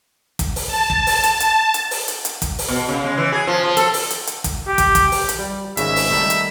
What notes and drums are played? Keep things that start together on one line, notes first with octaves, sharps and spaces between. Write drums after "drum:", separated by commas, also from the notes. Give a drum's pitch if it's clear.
drum: kick, hi-hat
drum: open hi-hat
A5
drum: kick
drum: open hi-hat
drum: hi-hat
drum: hi-hat
drum: hi-hat
drum: open hi-hat
drum: hi-hat
drum: hi-hat
drum: kick, hi-hat
drum: open hi-hat
B2
C#3
G#3
E3
G#4
F3
F3
A4, drum: hi-hat
drum: open hi-hat
drum: hi-hat
drum: hi-hat
drum: kick, hi-hat
G4
drum: kick, hi-hat
drum: kick, hi-hat
drum: open hi-hat
drum: hi-hat
G3
G#1 C#3 G#3 E5, drum: hi-hat
drum: open hi-hat
D#3 G3 A3
drum: hi-hat